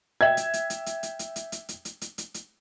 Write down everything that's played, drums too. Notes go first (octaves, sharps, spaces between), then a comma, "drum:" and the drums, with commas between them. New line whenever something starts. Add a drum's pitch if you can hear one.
E5 G5 G#6
drum: hi-hat
drum: hi-hat
drum: hi-hat
drum: hi-hat
drum: hi-hat
drum: hi-hat
drum: hi-hat
drum: hi-hat
drum: hi-hat
drum: hi-hat
drum: hi-hat
drum: hi-hat
drum: hi-hat